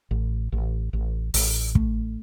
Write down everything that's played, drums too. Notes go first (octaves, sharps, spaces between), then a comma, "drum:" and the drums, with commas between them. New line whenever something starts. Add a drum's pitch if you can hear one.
A1
A1
A1
A1, drum: open hi-hat
A3, drum: kick